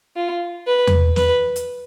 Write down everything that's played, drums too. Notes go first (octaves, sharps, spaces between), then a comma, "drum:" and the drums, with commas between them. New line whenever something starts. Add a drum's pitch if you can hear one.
F4
B4
drum: tom E2
B4, drum: snare
drum: hi-hat